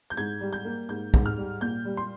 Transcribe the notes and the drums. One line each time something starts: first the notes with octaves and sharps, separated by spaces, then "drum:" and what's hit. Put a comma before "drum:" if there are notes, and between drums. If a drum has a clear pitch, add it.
G6
G#2 G#6
G3
G6
A#3
G#2 G6
G#2, drum: kick
F6
G3
A#2 G6
G3
C6